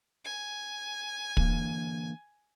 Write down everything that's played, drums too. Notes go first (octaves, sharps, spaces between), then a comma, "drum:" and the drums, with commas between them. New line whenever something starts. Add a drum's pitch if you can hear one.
G#5
D3 E3 A#3, drum: kick